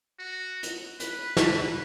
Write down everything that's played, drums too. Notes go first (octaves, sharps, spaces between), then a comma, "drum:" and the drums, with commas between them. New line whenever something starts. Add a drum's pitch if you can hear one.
F#4
drum: hi-hat
B4, drum: hi-hat
drum: snare